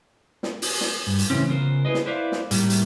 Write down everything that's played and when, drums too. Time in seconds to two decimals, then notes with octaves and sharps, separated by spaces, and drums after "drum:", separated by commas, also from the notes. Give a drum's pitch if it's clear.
0.43 drum: snare
0.62 drum: open hi-hat
0.81 drum: snare
1.07 G2
1.19 drum: hi-hat
1.30 A2 C#3 E3 C4 C#4
1.49 C#3 B3 F4 A#4 C5
1.85 E4 G#4 B4 D#5
1.94 drum: snare
2.06 E4 B4 C5 D5 E5 F5
2.32 drum: snare
2.51 A2 G3 A3 A#3, drum: hi-hat
2.70 drum: hi-hat